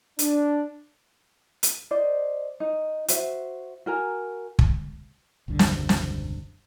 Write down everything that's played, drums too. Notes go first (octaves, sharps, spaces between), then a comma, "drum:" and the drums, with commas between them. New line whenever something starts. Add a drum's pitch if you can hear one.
D4, drum: hi-hat
drum: hi-hat
C5 D5 D#5
D#4
F#4 C5 E5, drum: hi-hat
F#4 A#4 G#5 A#5
drum: kick
E1 C#2 G2 D3
drum: snare
drum: snare